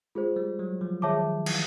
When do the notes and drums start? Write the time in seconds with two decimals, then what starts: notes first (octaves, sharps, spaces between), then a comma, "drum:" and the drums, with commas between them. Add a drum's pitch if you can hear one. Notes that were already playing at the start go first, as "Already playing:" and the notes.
0.15 G#3 F4 G#4 C5
0.36 G3
0.59 F#3
0.81 F3
1.02 D#3 G#4 C#5 E5 A5 D6
1.46 E3, drum: cymbal